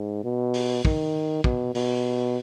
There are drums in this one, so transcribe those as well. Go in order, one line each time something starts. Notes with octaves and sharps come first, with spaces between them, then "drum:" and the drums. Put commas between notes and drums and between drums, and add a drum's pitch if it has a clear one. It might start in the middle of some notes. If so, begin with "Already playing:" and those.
Already playing: G#2
B2
drum: open hi-hat
D#3, drum: kick
B2, drum: kick
B2, drum: open hi-hat